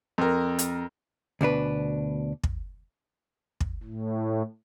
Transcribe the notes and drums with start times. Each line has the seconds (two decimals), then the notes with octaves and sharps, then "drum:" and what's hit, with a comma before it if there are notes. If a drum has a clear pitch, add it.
0.18 F2 A#4
0.59 drum: hi-hat
1.41 D2 B2 D4 B4
2.43 drum: kick
3.60 drum: kick
3.83 A2